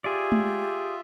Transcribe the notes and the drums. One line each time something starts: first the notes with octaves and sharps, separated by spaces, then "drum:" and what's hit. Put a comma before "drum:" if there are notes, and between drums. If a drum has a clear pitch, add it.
F4 G4 G#4 D5 E5
drum: tom G#3